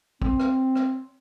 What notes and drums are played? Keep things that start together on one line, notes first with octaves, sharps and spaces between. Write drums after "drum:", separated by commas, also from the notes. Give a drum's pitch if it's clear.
C4, drum: kick
drum: rim click
drum: rim click